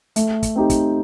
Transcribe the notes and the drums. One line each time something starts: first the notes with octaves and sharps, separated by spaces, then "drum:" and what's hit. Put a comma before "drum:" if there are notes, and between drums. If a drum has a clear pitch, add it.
A3, drum: hi-hat
drum: kick, hi-hat
C4 D#4 G4
drum: kick, hi-hat